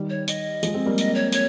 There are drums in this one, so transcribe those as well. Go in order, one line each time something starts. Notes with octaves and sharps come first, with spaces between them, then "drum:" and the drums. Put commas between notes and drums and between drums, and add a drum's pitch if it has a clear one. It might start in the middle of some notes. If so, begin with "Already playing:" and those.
Already playing: D#3 G3
C#5
D#5, drum: hi-hat
F3 G#3, drum: hi-hat
G#3 C4
G3 A#3
D#5, drum: hi-hat
C#5
C#5, drum: hi-hat